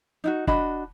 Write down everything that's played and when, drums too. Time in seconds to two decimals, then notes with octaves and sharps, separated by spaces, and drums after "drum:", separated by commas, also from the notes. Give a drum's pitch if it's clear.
0.24 D#4 E4 F#4
0.47 D4 F#4 D#5 B5, drum: kick